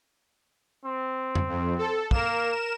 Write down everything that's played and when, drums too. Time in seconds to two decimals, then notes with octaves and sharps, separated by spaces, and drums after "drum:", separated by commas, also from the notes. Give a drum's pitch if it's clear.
0.85 C4
1.35 drum: tom F2
1.49 F2
1.78 A4
2.11 A#3 A#4 E7, drum: kick